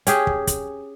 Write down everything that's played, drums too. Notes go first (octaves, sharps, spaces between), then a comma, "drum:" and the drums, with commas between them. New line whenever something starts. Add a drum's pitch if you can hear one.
C#4 G4 G#4, drum: hi-hat
drum: kick
drum: kick, hi-hat